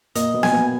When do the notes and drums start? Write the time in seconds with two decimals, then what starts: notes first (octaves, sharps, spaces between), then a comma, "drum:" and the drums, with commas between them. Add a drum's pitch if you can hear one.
0.15 A#2 A#3 D#5, drum: hi-hat
0.34 B2 B3
0.43 A#3 G#5, drum: snare B3
0.52 B2 B3